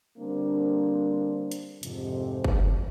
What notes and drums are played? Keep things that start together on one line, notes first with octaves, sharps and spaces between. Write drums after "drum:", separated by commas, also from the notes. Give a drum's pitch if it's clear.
D3 G3 A#3 C4 D4
drum: hi-hat
F2 G#2 C3, drum: hi-hat
drum: kick F#1